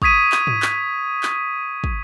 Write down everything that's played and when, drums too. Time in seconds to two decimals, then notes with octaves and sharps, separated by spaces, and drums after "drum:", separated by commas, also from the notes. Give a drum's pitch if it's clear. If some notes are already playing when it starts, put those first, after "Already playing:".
0.02 C#6 D#6 G#6 B6 D#7, drum: kick
0.32 drum: clap
0.47 drum: tom G#2
0.62 drum: clap
1.23 drum: clap
1.84 drum: kick